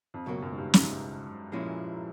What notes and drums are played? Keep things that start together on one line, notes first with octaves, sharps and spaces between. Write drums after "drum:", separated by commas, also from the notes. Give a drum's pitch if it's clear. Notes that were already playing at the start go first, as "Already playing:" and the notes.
F2
C#2 F#2 B2 F#3 A#3
F#2
G#2
G2
G#2, drum: snare
F#2
A#2 F3 G#3 C#4 E4